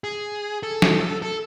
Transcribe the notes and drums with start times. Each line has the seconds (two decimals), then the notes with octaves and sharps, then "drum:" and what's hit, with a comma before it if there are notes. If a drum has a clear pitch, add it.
0.04 G#4
0.63 A4
0.82 drum: snare
1.22 A4